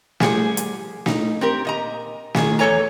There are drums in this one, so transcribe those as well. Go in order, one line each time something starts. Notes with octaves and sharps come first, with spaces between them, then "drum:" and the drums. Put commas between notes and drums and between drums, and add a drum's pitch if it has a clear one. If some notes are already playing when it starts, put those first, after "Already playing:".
F3 G3 G#4 D5 F#5 G#5, drum: snare
drum: hi-hat
D#4, drum: snare
C4 G4 A#4
A#2 D#5 A#5
G#2 D#3 G#4, drum: snare
E2 E3 A4 C#5 G#5 A#5